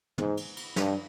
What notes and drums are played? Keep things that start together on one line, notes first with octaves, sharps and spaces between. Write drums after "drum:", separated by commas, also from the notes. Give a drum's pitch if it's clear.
G#2, drum: tom
drum: cymbal
drum: cymbal
G2, drum: snare